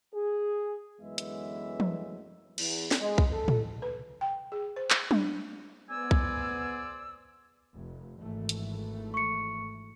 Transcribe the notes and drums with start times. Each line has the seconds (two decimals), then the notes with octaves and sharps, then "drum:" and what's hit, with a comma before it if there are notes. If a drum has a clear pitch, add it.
0.14 G#4
1.01 F#2 D3 E3 G#3 B3 E5
1.18 drum: hi-hat
1.80 drum: tom E3
2.58 E2, drum: cymbal
2.91 drum: snare
3.01 G#3
3.18 drum: kick
3.32 A4
3.48 drum: tom A2
3.82 B4
4.21 G5
4.52 G#4
4.76 C5
4.90 drum: clap
5.11 D4, drum: tom F#3
5.90 B3 G#4 C5 D5 G#5 E6
6.11 drum: kick
7.73 F1
8.19 G#1 E3 A3
8.49 drum: hi-hat
9.14 C#6 C#7